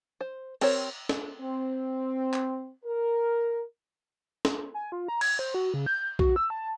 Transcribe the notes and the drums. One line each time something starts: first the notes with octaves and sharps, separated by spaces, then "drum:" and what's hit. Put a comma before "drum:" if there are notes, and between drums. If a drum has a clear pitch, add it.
C5
C4 G4 A#4 C5 C#5, drum: cymbal
drum: snare
C4
drum: clap
A#4
drum: snare
G#5
F4
A#5
G#6, drum: cymbal
C5
F#4
C#3
G6
F#4, drum: kick B1
E6
A5